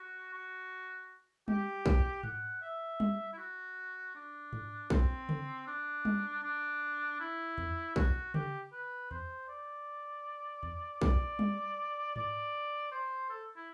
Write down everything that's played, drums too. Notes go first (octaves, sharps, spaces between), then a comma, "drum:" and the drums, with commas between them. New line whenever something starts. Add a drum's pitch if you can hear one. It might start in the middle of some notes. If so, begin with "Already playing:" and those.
Already playing: F#4
F#4
G4, drum: tom G3
drum: kick
F#5, drum: tom G#2
E5
drum: tom G3
E4
F#4
D4
drum: tom G#2
C4, drum: kick
drum: tom C#3
D4
drum: tom G3
D4
E4
drum: tom E2
F#4, drum: kick
G4, drum: tom C#3
B4
C5, drum: tom E2
D5
drum: tom E2
D5, drum: kick
drum: tom G3
D5, drum: tom G#2
C5
A4
E4